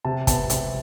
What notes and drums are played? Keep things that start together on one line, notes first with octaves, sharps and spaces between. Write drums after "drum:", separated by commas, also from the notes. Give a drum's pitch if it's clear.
C3 A5
B3 A5, drum: kick, hi-hat
C3, drum: hi-hat